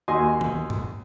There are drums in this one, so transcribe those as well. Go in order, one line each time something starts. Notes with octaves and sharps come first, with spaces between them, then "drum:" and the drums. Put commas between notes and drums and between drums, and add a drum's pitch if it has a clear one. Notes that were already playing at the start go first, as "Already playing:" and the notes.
D#2 F#4 D#5 G#5 C6
drum: tom D#3
drum: tom G2